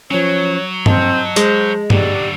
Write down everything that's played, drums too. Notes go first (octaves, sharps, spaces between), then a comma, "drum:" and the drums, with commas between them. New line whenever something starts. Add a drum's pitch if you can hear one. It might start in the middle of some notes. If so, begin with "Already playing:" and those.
F3 F#3 C#4 C#5
C4 D#5 A5, drum: tom G2
G#3 C5, drum: hi-hat
D3 F#3 G4 D5, drum: tom G2